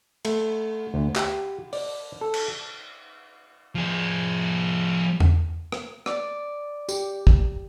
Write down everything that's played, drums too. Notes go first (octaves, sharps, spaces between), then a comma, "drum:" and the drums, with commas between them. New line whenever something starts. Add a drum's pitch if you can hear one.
A3, drum: cymbal
D2
G4, drum: clap
D5, drum: open hi-hat
A4
drum: cymbal
F3 G#4
drum: tom E2
drum: rim click
D5, drum: rim click
G4, drum: tambourine
drum: kick